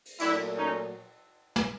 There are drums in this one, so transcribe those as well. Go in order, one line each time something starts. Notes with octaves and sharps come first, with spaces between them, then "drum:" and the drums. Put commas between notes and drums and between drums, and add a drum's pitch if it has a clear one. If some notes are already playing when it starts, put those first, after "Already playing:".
drum: open hi-hat
A#2 F#3 A3 D4 E4, drum: cymbal
C#4 D#4
drum: snare